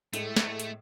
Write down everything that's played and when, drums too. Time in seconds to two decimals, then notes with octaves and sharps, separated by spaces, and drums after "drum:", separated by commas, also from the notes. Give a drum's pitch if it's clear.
0.13 A2 G#3 A3, drum: hi-hat
0.36 drum: snare
0.60 drum: hi-hat